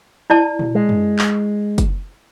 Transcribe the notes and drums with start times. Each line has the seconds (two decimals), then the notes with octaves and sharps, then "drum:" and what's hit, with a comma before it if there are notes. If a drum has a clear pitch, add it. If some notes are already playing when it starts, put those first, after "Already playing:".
0.30 E4 D5 A5
0.59 drum: tom A#2
0.75 G#3
0.89 drum: tom F#2
1.19 drum: clap
1.78 drum: kick, hi-hat